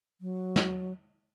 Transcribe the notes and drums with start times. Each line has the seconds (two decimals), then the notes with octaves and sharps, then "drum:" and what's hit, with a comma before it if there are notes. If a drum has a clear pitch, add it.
0.21 F#3
0.56 drum: snare